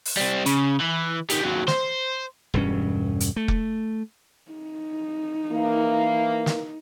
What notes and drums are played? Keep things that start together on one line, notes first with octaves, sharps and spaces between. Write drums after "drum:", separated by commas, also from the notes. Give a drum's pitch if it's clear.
drum: open hi-hat
G3 C4
C#3, drum: hi-hat
E3
D#3 G3, drum: hi-hat
D#2 F#3
C5, drum: snare
E1 G2 C#4
drum: hi-hat
A3
drum: kick F1
D#4
E3 A#3
drum: snare